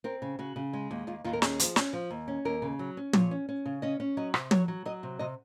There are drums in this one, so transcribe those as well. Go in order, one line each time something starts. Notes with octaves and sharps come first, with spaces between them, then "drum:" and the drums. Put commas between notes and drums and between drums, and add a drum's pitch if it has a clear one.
C4 A#4
C#3
C#3 F#4
C#3
G#3
D#2
D#2 F4
D#2 F4
A#4
C#4 G#4, drum: snare
F3, drum: hi-hat
C#4, drum: snare
F3
D#2
C#4
D#2 A#4
C#3
F#3
C#4
A#2 C#5, drum: tom
C#4
C#4
C#3
C#4 D#5
C#4
F#3 D#5
C3, drum: rim click
F#3 C#5, drum: tom
F#3
F#3 D#5
C3
C3 D#5